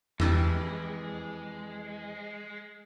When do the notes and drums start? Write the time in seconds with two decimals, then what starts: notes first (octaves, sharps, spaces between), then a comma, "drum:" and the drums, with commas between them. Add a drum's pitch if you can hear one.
0.20 F2 E3 G3 G#3, drum: tom E2